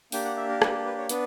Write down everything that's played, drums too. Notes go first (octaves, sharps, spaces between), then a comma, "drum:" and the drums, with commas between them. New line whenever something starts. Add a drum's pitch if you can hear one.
A#3 D4 G4 G5, drum: open hi-hat
F#5
E5
A#4
B4, drum: rim click
B4
C#5
B3 D4 B4, drum: hi-hat